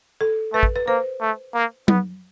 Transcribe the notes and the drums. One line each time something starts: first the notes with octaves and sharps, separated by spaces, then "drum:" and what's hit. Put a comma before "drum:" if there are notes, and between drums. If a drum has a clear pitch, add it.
A4
A3 B4
drum: kick
B4
A#3 C5
A3
A#3
B3, drum: tom F#3